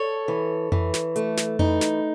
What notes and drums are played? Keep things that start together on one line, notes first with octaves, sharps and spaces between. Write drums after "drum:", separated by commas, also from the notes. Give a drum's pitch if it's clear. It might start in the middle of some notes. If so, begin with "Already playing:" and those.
Already playing: A4 C#5
E3
E3, drum: tom F2
drum: snare
A3, drum: hi-hat
drum: snare
E3 D#4, drum: tom F2
drum: snare